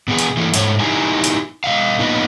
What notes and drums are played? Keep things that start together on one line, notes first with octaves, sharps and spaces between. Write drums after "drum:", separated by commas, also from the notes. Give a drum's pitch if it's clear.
B2 B3 G#4
drum: hi-hat
E3 A3 A#3
G#2 A3 C#5, drum: hi-hat
D#4 E4 G4 A#4 G#5 A#5
drum: hi-hat
B2 D#5 F5
A#3 B3 D#4 F4 B4 D#5